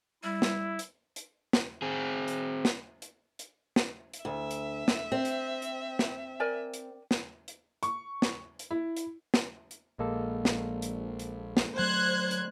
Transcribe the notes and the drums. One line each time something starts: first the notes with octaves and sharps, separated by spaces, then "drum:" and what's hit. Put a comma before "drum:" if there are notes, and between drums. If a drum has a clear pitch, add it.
G3 E4
drum: snare
drum: hi-hat
drum: hi-hat
drum: snare
C4 G#4
drum: hi-hat
drum: snare
drum: hi-hat
drum: hi-hat
drum: snare
drum: hi-hat
D2 E5
drum: hi-hat
drum: snare
C4
drum: hi-hat
drum: hi-hat
drum: snare
A#4 D5 G#5
drum: hi-hat
drum: snare
drum: hi-hat
C#6, drum: hi-hat
drum: snare
drum: hi-hat
E4
drum: hi-hat
drum: snare
drum: hi-hat
A#1 G#3 A#3 A4
drum: snare
drum: hi-hat
drum: hi-hat
drum: snare
F#3 A3 C5 F#6 G#6
drum: hi-hat